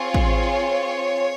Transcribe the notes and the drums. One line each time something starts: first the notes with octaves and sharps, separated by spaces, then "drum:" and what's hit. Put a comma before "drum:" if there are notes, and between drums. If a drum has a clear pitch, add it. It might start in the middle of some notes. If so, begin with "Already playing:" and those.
Already playing: C4 F4 G#4 C#5
drum: kick